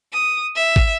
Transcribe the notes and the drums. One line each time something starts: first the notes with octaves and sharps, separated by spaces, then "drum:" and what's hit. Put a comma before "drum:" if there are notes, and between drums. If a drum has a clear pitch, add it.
D#6
E5
drum: kick